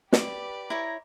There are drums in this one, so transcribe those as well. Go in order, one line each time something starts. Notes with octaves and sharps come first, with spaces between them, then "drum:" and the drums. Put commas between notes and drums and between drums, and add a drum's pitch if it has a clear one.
G4 B4 D5, drum: snare
E4 C#5 A#5